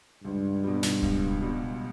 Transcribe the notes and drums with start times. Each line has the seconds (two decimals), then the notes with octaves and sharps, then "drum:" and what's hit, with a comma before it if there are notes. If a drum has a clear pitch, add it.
0.24 C#2 G2
0.63 B2 G3
0.83 drum: snare
1.02 C#2, drum: kick D1
1.41 B2 G3